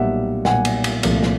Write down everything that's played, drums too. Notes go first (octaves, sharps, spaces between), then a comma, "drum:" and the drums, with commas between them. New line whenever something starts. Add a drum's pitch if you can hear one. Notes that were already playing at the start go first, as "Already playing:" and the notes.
Already playing: B1 A#2 G3 E5 F#5
B1 A#2 G3 F#5 G#5, drum: snare
drum: cymbal
drum: cymbal
C2 A#2 F3 A3, drum: cymbal
drum: snare